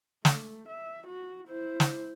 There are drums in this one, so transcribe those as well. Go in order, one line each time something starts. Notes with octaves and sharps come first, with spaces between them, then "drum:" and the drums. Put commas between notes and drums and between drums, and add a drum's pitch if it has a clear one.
A3, drum: snare
E5
F#4
E4 C5
drum: snare